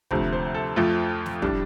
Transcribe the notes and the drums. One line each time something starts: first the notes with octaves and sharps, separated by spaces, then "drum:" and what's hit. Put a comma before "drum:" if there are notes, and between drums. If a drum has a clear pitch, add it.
D2 C3 F3 A3 C5, drum: kick
C5
A4
F2 F3 A3 F4
drum: snare
A2 G3 D4, drum: kick